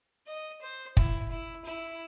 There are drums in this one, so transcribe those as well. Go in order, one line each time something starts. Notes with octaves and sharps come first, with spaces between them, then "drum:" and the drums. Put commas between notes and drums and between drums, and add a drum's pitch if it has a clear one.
D#5
C5
E4, drum: kick
E4
E4